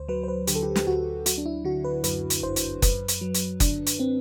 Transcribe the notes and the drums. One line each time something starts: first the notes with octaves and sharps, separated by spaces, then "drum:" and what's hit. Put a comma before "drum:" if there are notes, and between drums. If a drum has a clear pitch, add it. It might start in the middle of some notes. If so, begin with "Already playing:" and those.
Already playing: D2 C5
F#3 B4
C5
B4
D3 G4, drum: hi-hat
A4
G4
G4, drum: snare
D2 F#4
F#3 F#4, drum: hi-hat
D4
E4
D3 F#4
B4
F#2 B4, drum: hi-hat
drum: hi-hat
G1 C5
drum: hi-hat
F#2 B4, drum: kick F#1, hi-hat
drum: hi-hat
F#3
drum: hi-hat
D3 D4, drum: kick F#1, hi-hat
drum: hi-hat
C4